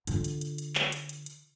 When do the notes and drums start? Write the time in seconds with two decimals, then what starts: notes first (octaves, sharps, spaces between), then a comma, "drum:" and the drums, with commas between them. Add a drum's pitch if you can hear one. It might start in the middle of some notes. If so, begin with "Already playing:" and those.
0.07 D3 F4, drum: hi-hat
0.24 drum: hi-hat
0.41 drum: hi-hat
0.58 drum: hi-hat
0.75 drum: clap
0.92 drum: hi-hat
1.09 drum: hi-hat
1.26 drum: hi-hat